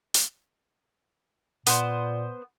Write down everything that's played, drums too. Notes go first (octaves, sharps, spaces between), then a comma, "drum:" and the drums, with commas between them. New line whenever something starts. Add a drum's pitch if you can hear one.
drum: hi-hat
A#2 B3 C5, drum: hi-hat